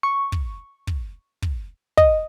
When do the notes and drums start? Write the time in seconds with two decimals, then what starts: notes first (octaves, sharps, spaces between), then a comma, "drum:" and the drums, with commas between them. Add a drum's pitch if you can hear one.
0.03 C#6
0.32 drum: kick
0.87 drum: kick
1.42 drum: kick
1.97 D#5, drum: kick